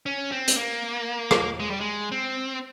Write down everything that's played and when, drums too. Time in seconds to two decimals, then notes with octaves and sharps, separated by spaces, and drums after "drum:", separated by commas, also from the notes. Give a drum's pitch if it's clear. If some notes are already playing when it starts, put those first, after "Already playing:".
0.06 C#4
0.32 C4
0.48 drum: hi-hat
0.57 A#3
1.31 drum: rim click
1.60 G#3
1.70 G3
1.81 G#3
2.12 C4